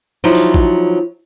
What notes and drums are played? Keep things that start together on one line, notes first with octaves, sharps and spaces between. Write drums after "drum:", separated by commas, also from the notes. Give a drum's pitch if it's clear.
F3 F#3 D#4 E4
drum: open hi-hat
drum: kick A1